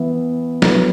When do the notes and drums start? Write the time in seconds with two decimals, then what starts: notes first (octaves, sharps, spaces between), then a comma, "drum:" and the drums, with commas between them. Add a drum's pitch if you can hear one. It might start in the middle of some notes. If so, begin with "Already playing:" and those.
Already playing: E3 B3 E4
0.62 F#3 B3 E4 B4, drum: snare